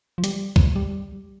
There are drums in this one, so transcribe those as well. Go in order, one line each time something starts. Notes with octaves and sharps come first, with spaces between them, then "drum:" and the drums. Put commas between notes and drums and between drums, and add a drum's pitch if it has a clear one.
F3
G3, drum: hi-hat
drum: kick B1
G3